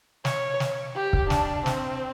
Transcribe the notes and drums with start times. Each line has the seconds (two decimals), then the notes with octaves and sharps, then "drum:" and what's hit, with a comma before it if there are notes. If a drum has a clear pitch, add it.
0.25 C#5, drum: snare
0.60 drum: snare
0.95 G4
1.13 drum: kick
1.30 D4, drum: snare
1.66 C4, drum: snare